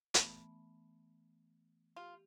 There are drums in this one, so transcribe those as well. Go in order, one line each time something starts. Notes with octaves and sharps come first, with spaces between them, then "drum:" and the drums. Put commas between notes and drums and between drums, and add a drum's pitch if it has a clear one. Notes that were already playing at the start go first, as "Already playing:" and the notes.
E3 A3 B3, drum: hi-hat
F4 G4